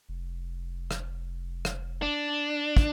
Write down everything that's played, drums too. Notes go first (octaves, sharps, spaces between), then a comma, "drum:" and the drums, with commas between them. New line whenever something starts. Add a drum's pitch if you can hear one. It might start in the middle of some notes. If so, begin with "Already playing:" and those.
F1
drum: rim click
drum: rim click
D4
drum: kick